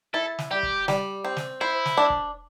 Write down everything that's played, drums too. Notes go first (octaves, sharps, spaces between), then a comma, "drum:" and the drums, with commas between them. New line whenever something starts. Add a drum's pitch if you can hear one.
E4 A4
drum: snare
G3 G4
drum: kick
G3, drum: snare
C4
drum: snare
E4 C5
drum: snare
D4
drum: kick